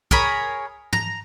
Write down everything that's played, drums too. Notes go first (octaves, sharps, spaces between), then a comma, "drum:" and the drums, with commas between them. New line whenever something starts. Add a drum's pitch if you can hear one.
G#4 A#4 C#5 B5, drum: kick
A#5, drum: tom